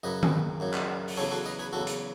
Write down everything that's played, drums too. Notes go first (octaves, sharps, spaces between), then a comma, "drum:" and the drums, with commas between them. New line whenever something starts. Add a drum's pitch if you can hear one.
F#2 C#3 F#3 B4 D#5
drum: tom D#3
F#2 C#3 F#3
drum: clap
drum: open hi-hat
E2 C#3 F#3 A4 C#5
F#4 A4
B4 D#5
G#4 B4
E2 C#3 F#3 F#4 A4
drum: hi-hat